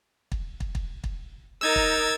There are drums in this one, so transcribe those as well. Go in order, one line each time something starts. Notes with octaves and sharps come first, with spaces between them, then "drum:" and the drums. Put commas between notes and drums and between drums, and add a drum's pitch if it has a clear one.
drum: kick
drum: kick
drum: kick
drum: kick
D#4 A#4 E6 G#6 A6
drum: kick